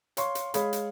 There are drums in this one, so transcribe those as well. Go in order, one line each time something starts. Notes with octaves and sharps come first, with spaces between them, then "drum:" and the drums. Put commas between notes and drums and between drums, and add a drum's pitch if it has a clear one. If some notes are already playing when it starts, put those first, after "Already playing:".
C#5 F5 C6 C#6, drum: hi-hat
drum: hi-hat
G#3 G#4 C#5 F5 B5, drum: hi-hat
drum: hi-hat